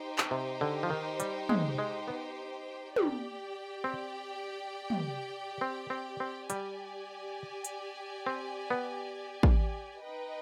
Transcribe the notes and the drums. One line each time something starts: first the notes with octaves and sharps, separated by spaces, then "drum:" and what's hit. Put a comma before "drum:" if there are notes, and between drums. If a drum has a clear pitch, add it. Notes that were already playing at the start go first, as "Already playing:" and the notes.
Already playing: D#4 G4 C5 G5
drum: clap
C3
D3
F3
D#3
G3, drum: hi-hat
G#3, drum: tom
G#3
B3
G4 D5 G5, drum: tom
C4
drum: tom
C4
C4
C4
G3 G4 D5 G#5, drum: hi-hat
drum: hi-hat
C4
B3
drum: kick A1
D#4 B4 D#5 G5